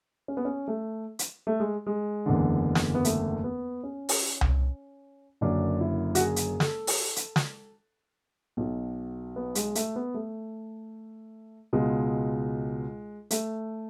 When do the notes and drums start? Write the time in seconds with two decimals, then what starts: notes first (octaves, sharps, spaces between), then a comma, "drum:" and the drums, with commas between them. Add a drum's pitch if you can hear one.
0.28 C#4
0.37 B3
0.45 C#4
0.68 A3
1.19 drum: hi-hat
1.47 A3
1.60 G#3
1.86 G#3
2.26 F#1 E2 D3
2.75 drum: snare
2.95 B3
3.05 A3, drum: hi-hat
3.44 B3
3.83 C#4
4.09 drum: open hi-hat
4.41 drum: tom C2
5.41 F#1 F#2 D3 D4
5.81 E4
6.15 F#4, drum: hi-hat
6.20 G#4
6.36 drum: hi-hat
6.60 A4, drum: snare
6.87 drum: open hi-hat
7.16 drum: hi-hat
7.36 drum: snare
8.57 B1 B2
9.36 B3
9.55 G#3, drum: hi-hat
9.75 A3, drum: hi-hat
9.96 B3
10.14 A3
11.73 C#2 B2 G#3
13.31 A3, drum: hi-hat